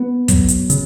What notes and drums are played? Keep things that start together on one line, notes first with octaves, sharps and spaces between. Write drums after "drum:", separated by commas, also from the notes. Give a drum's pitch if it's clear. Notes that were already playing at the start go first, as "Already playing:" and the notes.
Already playing: B3
F#3, drum: kick, hi-hat
drum: hi-hat
C#3, drum: hi-hat